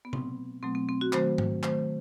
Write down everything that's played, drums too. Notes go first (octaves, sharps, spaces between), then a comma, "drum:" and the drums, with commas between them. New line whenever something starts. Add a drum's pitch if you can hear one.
B3
B2 F#3 A3 C4, drum: tom C3
B2 F#3 A3 C4
C4
C4
F#4
D#3 F#3 A3 C5, drum: clap
drum: tom G#2
D#3 F#3 A3 C5, drum: clap